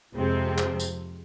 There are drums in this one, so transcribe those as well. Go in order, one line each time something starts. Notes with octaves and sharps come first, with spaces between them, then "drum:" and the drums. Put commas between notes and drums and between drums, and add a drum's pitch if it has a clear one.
F2 C3 F3 G#3 C4
drum: clap
drum: tambourine